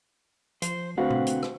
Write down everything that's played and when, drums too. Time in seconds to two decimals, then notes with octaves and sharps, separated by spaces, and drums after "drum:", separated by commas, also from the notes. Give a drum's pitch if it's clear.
0.62 F3 C5, drum: hi-hat
0.98 D3 A3 C4 F#4 B4 F5
1.10 drum: tom B2
1.27 drum: hi-hat
1.43 drum: rim click